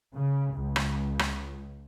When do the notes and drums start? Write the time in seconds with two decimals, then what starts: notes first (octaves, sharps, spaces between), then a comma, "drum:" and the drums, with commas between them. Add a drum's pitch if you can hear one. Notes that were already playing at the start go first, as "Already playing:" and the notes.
0.15 C#3
0.54 C#2
0.76 drum: rim click
1.19 drum: rim click